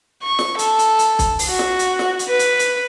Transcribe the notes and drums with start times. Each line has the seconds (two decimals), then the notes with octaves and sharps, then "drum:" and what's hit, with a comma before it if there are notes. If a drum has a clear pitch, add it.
0.23 C#6
0.39 drum: snare
0.59 A4, drum: hi-hat
0.79 drum: hi-hat
0.99 drum: hi-hat
1.19 drum: kick, hi-hat
1.39 drum: open hi-hat
1.50 F#4
1.59 drum: snare
1.79 drum: hi-hat
1.99 drum: snare
2.19 drum: hi-hat
2.29 B4
2.39 drum: hi-hat
2.59 drum: hi-hat